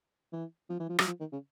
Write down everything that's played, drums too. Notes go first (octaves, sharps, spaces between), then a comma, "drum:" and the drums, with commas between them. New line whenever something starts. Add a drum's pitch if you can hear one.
E3
F3
E3
F3
F#3, drum: rim click
F3
D#3
C#3